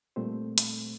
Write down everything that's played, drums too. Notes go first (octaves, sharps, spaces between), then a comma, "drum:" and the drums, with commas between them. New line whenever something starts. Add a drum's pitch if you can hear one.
A#2 G3 A3 C4 C5
drum: hi-hat